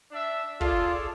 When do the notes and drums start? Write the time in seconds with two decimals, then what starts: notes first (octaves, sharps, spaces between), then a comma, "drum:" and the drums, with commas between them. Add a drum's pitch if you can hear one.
0.11 D4 E5
0.61 F4 G#4 A4 D5 A5, drum: kick